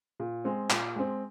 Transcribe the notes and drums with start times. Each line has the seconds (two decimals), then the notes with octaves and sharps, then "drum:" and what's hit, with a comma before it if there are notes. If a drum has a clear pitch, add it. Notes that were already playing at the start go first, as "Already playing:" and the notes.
0.20 A#2
0.44 G#3 C4
0.70 A#2, drum: clap
0.96 G#3 C4